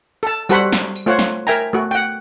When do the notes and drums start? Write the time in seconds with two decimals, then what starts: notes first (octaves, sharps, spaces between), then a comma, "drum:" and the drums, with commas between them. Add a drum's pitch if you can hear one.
0.23 A4 A5
0.49 G3 F#4 A4 C5 F#5 B5, drum: tambourine
0.73 drum: snare
0.96 drum: tambourine
1.06 A3 F4 C5 C#5 F#5
1.19 drum: snare
1.47 A#4 E5 G5 G#5 A#5
1.73 A3 F#4
1.91 F#5 G5